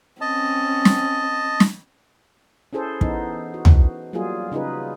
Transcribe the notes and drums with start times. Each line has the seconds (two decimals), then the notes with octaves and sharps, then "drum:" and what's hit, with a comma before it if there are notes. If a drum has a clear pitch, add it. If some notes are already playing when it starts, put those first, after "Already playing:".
0.21 C4 C#4 D#5 A5
0.85 drum: snare
1.60 drum: snare
2.73 C#4 E4 G#4 A4 C5
3.01 E3 B3 D#4, drum: kick
3.54 F#4
3.65 drum: tom
4.13 F#3 G3 A#3 F4 G#4
4.52 C#3 D#4 F4 G#4 B4